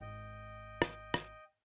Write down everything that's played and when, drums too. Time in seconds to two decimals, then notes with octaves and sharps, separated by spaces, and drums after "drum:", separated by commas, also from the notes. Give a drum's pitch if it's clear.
0.01 G#1 D#5 G5
0.82 drum: rim click
1.14 drum: rim click